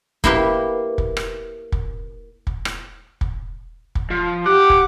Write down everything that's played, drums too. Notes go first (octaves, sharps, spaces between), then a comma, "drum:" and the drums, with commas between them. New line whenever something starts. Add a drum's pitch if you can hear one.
A#3 E4 G4 B4, drum: kick
drum: kick
drum: rim click
drum: kick
drum: kick
drum: rim click
drum: kick
drum: kick
F3
G4 F#5 D6
drum: kick